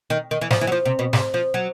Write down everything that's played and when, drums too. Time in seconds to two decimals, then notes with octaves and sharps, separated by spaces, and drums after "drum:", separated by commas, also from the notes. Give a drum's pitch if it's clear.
0.10 D#3
0.31 D#3
0.41 E3
0.51 F3, drum: snare
0.61 E3
0.67 F#3
0.72 F3
0.86 C3
0.99 B2
1.13 C3, drum: snare
1.34 F3
1.54 F#3